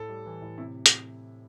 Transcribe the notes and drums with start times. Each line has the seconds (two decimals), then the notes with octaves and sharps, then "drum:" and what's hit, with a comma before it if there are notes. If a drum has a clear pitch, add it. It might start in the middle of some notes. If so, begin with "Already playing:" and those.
Already playing: A2 A4
0.09 G3
0.26 E3
0.42 A2
0.58 C3 E4
0.86 drum: hi-hat